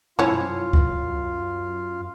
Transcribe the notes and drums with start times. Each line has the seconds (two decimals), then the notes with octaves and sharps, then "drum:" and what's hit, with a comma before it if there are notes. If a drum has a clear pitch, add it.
0.19 F#2 F3 C#4 E4 F4 C#5 F5, drum: tom
0.73 drum: kick C#2